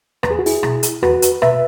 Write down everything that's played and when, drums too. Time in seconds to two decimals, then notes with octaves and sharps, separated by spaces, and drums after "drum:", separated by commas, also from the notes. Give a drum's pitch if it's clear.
0.23 E2 B4, drum: rim click
0.31 G#4
0.39 F#4
0.46 E4 G#4, drum: open hi-hat
0.63 B2, drum: rim click
0.83 drum: hi-hat
1.03 E2 F#4 B4, drum: rim click
1.22 drum: hi-hat
1.42 B2 B4 E5, drum: rim click